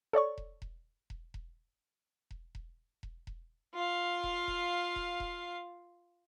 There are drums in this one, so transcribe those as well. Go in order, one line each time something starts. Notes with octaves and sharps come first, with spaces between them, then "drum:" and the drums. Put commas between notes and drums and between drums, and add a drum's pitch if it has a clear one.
A4 C#5 D5 C#6
drum: kick E1
drum: kick E1
drum: kick E1
drum: kick E1
drum: kick E1
drum: kick E1
drum: kick E1
drum: kick E1
F4 F5
drum: kick E1
drum: kick E1
drum: kick E1
drum: kick E1